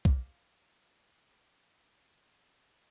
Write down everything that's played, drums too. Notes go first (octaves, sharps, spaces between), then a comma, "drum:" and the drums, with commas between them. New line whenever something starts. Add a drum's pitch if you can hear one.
D5 F5 A#5, drum: kick